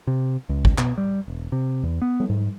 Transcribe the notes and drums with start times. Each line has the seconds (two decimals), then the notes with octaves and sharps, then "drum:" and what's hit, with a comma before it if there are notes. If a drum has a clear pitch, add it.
0.07 C3
0.49 C#2
0.65 drum: kick
0.78 B2, drum: clap
0.98 G3
1.28 E1
1.52 C3
1.83 E2
2.02 B3
2.20 drum: tom G3
2.30 G#2